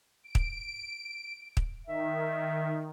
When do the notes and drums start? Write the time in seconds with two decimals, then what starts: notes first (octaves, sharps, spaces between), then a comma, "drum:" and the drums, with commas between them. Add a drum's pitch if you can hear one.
0.24 D7
0.35 drum: kick
1.57 drum: kick
1.87 D#3 E5